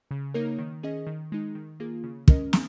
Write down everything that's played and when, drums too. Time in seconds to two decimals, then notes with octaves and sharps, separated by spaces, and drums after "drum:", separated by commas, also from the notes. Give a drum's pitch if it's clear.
0.11 C#3
0.34 A#3 D#4 A#4 C#5
0.59 D#3
0.83 C#4 G#4 D#5
1.07 D#3
1.32 G#3 D#4
1.55 D#3
1.80 A#3 F4 G#4
2.04 C#3
2.28 G#3 C#4 A#4 D#5, drum: kick
2.53 A#3, drum: snare